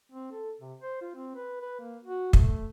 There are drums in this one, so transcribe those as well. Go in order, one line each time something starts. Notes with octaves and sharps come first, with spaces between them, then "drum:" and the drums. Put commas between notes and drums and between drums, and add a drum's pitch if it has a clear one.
C4
A4
C3
C5
F4
C4
B4
B4
A#3
F#4
A3, drum: kick